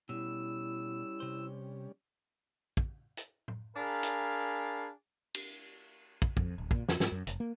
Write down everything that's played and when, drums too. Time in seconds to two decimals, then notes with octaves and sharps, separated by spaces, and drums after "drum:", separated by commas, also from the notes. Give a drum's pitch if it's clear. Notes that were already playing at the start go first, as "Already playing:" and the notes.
0.09 B2 G3 C#4 E4 E6
1.20 C3 C5
2.77 drum: kick
3.17 drum: hi-hat
3.48 drum: tom
3.77 D4 G#4 A#4 F5 G#5 B5
4.03 drum: hi-hat
5.35 drum: cymbal
6.22 drum: kick
6.37 F2, drum: kick
6.58 D1
6.71 A#2, drum: kick
6.89 F2, drum: snare
7.00 G#2, drum: snare
7.12 F#2
7.27 F1, drum: hi-hat
7.40 A#3